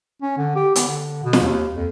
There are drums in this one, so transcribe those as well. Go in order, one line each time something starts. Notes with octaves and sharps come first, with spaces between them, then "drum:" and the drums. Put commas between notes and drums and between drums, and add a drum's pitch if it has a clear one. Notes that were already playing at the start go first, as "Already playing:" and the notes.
C#4
D3
G4
B3, drum: hi-hat
D3
B2
drum: snare
D#2
F2